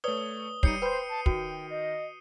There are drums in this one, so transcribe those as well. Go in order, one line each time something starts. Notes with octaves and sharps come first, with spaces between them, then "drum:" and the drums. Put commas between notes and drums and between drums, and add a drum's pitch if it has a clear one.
A3 B4 C#5 D5 D#6 G7
G3 D#4 C#5 C7 C#7 D#7, drum: kick
B4 C5 G5 B5 G6
A5
D#3 F#4 G5, drum: kick
D#5